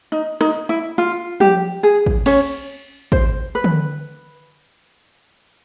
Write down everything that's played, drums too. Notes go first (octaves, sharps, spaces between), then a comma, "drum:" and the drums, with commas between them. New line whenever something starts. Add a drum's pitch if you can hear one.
D#4
D#4, drum: rim click
E4
F4
G4, drum: tom F3
G#4
drum: kick
C#4 C#5, drum: cymbal
C5, drum: kick
B4
drum: tom D3